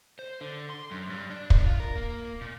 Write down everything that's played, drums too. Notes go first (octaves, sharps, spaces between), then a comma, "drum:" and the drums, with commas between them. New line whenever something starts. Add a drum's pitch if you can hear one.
C5
D3
C6
F#2
G2
D4
drum: kick
F4
A#4
A#3
A#2